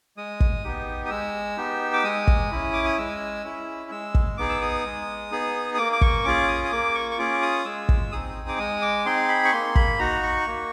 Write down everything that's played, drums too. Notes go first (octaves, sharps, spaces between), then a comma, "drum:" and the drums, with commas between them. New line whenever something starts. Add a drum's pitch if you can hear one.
G#3 D#6
drum: kick
B3 D#4 G4
D#6
G#3 E6
B3 D#4 G4
D6
G#3 D#6
drum: kick
C#4 E4
D6
D#6
G#3 E6
C#4 E4
G#3 E6
drum: kick
B3 D#4 G#4 D6
E6
D#6
G#3
B3 D#4 G#4
D#6
A#3 D6
D6
C#6, drum: kick
C#4 F4 G#4 D6
D#6
D#6
A#3 D6
C#6
C#6
C#4 F4 G#4 D6
D#6
G#3 E6
drum: kick
C4 D#4 G#4 D#6
D6
G#3 D#6
D6
C4 D#4 G#4 C6
B5
C#6
A#3 C6
B5, drum: kick
D#4 F#4 A#5
C#6
A#3